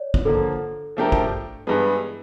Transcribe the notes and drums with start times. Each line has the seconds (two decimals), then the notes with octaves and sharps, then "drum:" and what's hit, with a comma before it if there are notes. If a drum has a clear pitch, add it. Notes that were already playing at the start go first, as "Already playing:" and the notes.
Already playing: C#5 D5
0.14 drum: kick
0.25 D3 F3 A#3 A4
0.97 F3 A3 D4 G4 A#4
1.12 drum: kick
1.67 G2 E3 G#3 B3